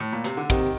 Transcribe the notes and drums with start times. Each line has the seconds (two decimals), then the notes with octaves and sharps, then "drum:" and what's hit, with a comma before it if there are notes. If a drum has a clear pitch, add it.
0.00 A2
0.12 A#2
0.24 C3, drum: hi-hat
0.37 D3
0.50 C3 D#3, drum: kick, hi-hat